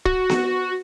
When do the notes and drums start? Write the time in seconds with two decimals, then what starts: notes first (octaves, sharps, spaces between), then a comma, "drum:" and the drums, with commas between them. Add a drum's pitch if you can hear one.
0.05 F#4, drum: kick
0.29 drum: snare B3